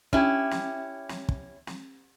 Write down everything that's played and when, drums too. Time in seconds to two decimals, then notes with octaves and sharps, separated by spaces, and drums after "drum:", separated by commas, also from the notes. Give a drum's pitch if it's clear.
0.13 C#4 E4 G4, drum: kick
0.51 drum: snare
1.09 drum: snare
1.29 drum: kick
1.67 drum: snare